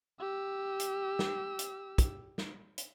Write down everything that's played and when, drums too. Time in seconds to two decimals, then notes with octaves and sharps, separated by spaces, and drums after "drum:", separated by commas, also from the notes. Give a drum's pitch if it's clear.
0.20 G4 E6
0.80 drum: hi-hat
1.19 drum: snare
1.59 drum: hi-hat
1.98 drum: kick, hi-hat
2.38 drum: snare
2.78 drum: hi-hat